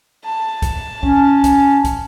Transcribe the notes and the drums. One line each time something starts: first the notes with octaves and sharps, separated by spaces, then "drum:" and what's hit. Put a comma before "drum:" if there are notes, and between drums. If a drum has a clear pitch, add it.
A5
drum: kick, hi-hat
C#4, drum: kick
drum: kick, hi-hat
drum: kick, hi-hat